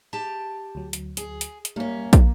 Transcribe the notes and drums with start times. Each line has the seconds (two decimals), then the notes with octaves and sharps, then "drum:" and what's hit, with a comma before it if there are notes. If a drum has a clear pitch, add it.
0.13 G4 A5
0.75 D2 F#3
0.93 drum: hi-hat
1.17 G#4, drum: hi-hat
1.41 drum: hi-hat
1.65 drum: hi-hat
1.76 F#2 G3 A#3 C#4
2.13 drum: kick, hi-hat